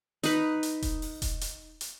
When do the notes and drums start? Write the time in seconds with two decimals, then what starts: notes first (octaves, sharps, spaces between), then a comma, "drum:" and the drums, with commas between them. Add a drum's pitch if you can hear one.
0.23 D#4 B4, drum: hi-hat
0.63 drum: hi-hat
0.82 drum: kick E1, hi-hat
1.02 drum: open hi-hat
1.22 drum: kick E1, hi-hat
1.41 drum: hi-hat
1.81 drum: hi-hat